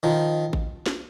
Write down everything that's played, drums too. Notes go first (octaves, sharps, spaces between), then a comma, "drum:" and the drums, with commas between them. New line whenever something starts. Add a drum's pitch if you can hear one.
D#3 F3
drum: kick G#1
drum: snare